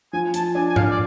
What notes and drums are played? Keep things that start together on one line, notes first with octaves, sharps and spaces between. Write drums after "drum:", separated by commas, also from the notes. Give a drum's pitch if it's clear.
F3 G#5
F3 A5, drum: hi-hat
D4 G#5
G#5
D4 F5, drum: tom G#2
D5